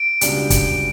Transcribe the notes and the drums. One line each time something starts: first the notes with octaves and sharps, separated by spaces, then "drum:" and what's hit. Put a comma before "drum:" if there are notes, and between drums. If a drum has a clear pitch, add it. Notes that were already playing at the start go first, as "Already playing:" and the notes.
Already playing: D7
C#2 B2 G3 D4 G4, drum: hi-hat
drum: kick, hi-hat